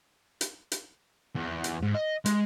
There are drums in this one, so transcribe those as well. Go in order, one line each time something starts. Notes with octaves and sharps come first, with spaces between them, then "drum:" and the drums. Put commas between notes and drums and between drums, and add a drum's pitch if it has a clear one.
drum: hi-hat
drum: hi-hat
E2
drum: hi-hat
G#2
D#5
G#3, drum: hi-hat